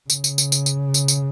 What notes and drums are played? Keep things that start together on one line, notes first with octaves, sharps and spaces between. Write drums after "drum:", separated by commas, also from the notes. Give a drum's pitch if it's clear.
C#3, drum: tambourine
drum: tambourine
drum: tambourine
drum: tambourine
drum: tambourine
drum: tambourine
drum: tambourine